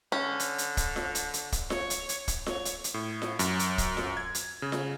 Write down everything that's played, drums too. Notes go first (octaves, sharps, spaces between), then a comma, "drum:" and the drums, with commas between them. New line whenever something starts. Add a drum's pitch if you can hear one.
D3 C#4
drum: hi-hat
drum: hi-hat
drum: kick, hi-hat
drum: snare F4
drum: hi-hat
drum: hi-hat
drum: kick, hi-hat
C#5, drum: snare F4
drum: hi-hat
drum: hi-hat
drum: kick, hi-hat
C#5, drum: snare F4
drum: hi-hat
drum: hi-hat
A2
drum: snare F4
F#2, drum: hi-hat
drum: hi-hat
drum: kick, hi-hat
drum: snare F4
G#6
drum: hi-hat
C#3
drum: snare F4